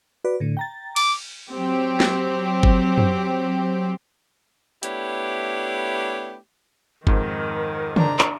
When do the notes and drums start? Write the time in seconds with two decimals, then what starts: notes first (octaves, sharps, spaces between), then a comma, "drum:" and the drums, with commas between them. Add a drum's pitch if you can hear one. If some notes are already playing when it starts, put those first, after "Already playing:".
0.25 F#4 B4 D5
0.40 A2 D3
0.57 G5 A#5 A6
0.96 D6, drum: cymbal
1.51 F#3 C4 G4
2.00 drum: snare
2.63 drum: kick
2.98 drum: tom
4.83 A3 B3 D4 E4 G4 C#5, drum: hi-hat
7.07 F2 G#2 D#3 A#4, drum: kick
7.96 D4 A#5, drum: tom
8.19 drum: clap